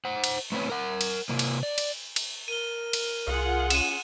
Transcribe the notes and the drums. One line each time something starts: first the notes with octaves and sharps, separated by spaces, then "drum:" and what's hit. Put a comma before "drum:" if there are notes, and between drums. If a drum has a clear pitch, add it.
C5 F#5
drum: cymbal
A3 B3 C4 B4 C#5
A#4 F#5
drum: cymbal
C3 A#3
drum: cymbal
D5
drum: cymbal
drum: cymbal
A#4 D#7 G7
drum: cymbal
C2 F4 G#4 F#5
C#4 D#7 E7, drum: cymbal